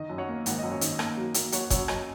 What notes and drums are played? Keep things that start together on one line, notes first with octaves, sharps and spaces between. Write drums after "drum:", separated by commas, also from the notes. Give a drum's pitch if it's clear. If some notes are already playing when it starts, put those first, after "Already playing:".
Already playing: D#3 D#5
F#2
C#5 F#5
A#3
G#1 F#5, drum: hi-hat
F#2 D#5
C#5
D#3 D#5, drum: hi-hat
A#3, drum: rim click
F#3
A#3, drum: hi-hat
F#3 C#5 F#5, drum: hi-hat
F#2 C#5 F#5, drum: kick F#1, hi-hat
F#2 D#5 G#5, drum: rim click